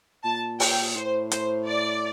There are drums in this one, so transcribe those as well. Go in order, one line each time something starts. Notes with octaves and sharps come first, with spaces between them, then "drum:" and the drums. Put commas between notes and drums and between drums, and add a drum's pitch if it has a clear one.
A#2 A5
G5, drum: open hi-hat
A2 C5
C5, drum: hi-hat
D5